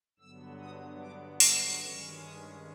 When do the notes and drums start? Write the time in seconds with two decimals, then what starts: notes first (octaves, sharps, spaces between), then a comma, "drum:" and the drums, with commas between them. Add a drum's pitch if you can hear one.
0.19 G2 D3 F#3 B3 E6
0.59 D#6
1.00 D6
1.40 D6, drum: open hi-hat
1.81 G2 D#3 G#3 C#4 C#6
2.21 D#6